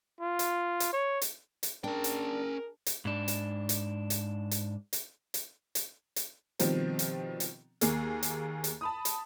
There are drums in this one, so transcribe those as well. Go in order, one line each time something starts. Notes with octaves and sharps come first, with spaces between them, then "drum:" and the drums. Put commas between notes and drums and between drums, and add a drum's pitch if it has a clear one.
F4
drum: hi-hat
drum: hi-hat
C#5
drum: hi-hat
drum: hi-hat
C#4 D4 G#4 A#4 G5
drum: hi-hat
drum: hi-hat
G#2 D4
drum: hi-hat
drum: hi-hat
drum: hi-hat
drum: hi-hat
drum: hi-hat
drum: hi-hat
drum: hi-hat
drum: hi-hat
B2 D#3 F3 G3 C4, drum: hi-hat
drum: hi-hat
drum: hi-hat
D#2 A#3 G#4, drum: hi-hat
drum: hi-hat
drum: hi-hat
A5 B5 D#6
drum: hi-hat